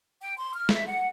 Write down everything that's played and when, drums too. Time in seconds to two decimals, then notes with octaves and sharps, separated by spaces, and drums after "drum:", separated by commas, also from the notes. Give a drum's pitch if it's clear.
0.21 G5
0.37 C6
0.55 F6
0.69 E5, drum: snare
0.86 F#5